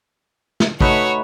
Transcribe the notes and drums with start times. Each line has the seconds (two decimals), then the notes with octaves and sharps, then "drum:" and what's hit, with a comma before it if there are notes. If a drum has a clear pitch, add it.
0.60 drum: snare
0.81 A3 D#4 F#4 B4 C#5, drum: kick